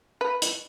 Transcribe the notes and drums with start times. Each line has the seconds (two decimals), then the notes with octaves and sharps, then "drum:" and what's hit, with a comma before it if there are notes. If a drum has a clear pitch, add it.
0.21 B4
0.42 drum: hi-hat